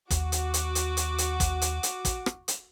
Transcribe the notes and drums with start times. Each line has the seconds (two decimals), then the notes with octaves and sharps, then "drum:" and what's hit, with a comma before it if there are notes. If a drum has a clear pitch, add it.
0.10 D#2 F#4 D6, drum: kick, hi-hat
0.32 drum: hi-hat
0.54 drum: hi-hat
0.75 drum: hi-hat
0.97 drum: hi-hat
1.18 drum: hi-hat
1.40 drum: kick, hi-hat
1.61 drum: hi-hat
1.83 drum: hi-hat
2.05 drum: kick, hi-hat
2.26 drum: rim click
2.48 drum: hi-hat